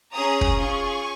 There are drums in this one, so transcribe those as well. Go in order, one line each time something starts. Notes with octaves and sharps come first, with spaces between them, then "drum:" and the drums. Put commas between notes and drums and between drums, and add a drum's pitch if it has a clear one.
C#4 G#4 A#5 D#6
drum: kick
C#4 F4 G#4 G#5 C#6